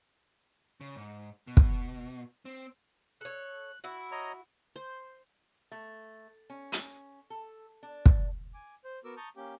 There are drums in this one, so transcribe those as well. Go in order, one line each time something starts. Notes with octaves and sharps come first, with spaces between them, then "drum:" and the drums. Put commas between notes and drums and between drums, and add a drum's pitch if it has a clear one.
C#3
G#2
B2
drum: kick
C4
A4 C#5 F#6
E4 F#4
C#5 D#5 A#5
C5
A3
C#4
drum: hi-hat
A4
D4
drum: kick
G#5 D6
C5
B3 F#4 A#4 D6 E6
A5 A#5 C#6 D#6 G6
A#3 C#4 G4 G5